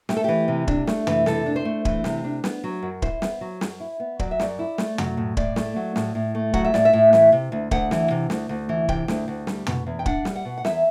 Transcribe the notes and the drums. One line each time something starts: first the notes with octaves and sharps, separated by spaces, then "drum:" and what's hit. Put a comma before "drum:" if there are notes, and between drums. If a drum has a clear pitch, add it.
A3 G4, drum: snare
A4
E3 G4
C3
D4, drum: kick
A3, drum: snare
E3, drum: tom
C3 A4, drum: snare
D4
C5
A3
E3, drum: kick
C3, drum: snare
D4
B3, drum: snare
F#3
F#2
E4 C5, drum: kick
B3, drum: snare
F#3
F#2, drum: snare
E4
B3
F#3 D5, drum: kick
E5
F#2 D5, drum: snare
E4
A3, drum: snare
F#3, drum: tom
A2
A2 D5, drum: kick
A3, drum: snare
F#3
A2, drum: snare
A2
A3
F#3 F#5, drum: kick
E5
A2 D5, drum: snare
E5
A2
E3, drum: snare
C3
D2
D2 F#5, drum: kick
E3, drum: snare
C3
D2, drum: snare
D2
E3
C3 G5, drum: kick
D2, drum: snare
D2
G3, drum: snare
B2, drum: tom
E2
G5
D4 F#5, drum: kick
G3, drum: snare
F#5
B2
F#5
E2 E5, drum: snare